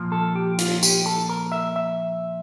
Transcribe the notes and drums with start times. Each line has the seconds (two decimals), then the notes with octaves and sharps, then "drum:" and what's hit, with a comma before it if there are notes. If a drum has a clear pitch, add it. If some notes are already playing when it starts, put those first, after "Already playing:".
Already playing: A#2 F3 A#3
0.12 A4
0.35 G4
0.58 F4, drum: hi-hat
0.83 G4, drum: tambourine
1.06 A4
1.29 A#4
1.52 E5
1.76 E5